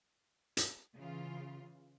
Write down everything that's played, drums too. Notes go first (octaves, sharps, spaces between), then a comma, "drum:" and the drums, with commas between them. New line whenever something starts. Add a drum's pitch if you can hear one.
drum: hi-hat
C#3 E3 F4